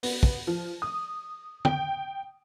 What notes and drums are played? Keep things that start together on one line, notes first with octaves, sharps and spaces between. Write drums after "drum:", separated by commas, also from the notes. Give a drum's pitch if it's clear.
B3, drum: open hi-hat
drum: kick
F3
D#6
G5, drum: tom